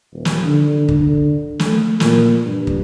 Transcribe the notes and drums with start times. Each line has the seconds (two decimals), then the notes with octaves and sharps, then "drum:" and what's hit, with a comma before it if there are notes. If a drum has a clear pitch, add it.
0.13 D#1
0.25 drum: snare
0.44 D3
0.88 D3, drum: kick
1.59 A3, drum: snare
2.00 A#2, drum: snare
2.45 G2
2.67 drum: kick